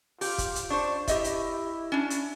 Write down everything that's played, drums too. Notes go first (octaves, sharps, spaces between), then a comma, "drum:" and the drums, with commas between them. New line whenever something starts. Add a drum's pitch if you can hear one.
F4 G4, drum: open hi-hat
drum: kick, hi-hat
drum: hi-hat
D4 C5 C#6
E4 G4 D#5 E5, drum: kick, hi-hat
drum: hi-hat
C#4 D4
drum: hi-hat